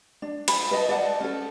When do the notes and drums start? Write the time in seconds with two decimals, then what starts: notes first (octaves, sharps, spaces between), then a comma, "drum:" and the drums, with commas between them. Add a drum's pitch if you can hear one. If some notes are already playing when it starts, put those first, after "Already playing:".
0.22 D4
0.48 B5, drum: cymbal
0.71 B4 D#5 A5
0.89 D5 F#5 A5
1.20 C#4 A4